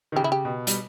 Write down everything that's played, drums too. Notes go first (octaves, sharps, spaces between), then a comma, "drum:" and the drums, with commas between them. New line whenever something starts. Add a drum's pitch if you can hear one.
D#3
C#3 G4
E4
G4
B2
G3, drum: hi-hat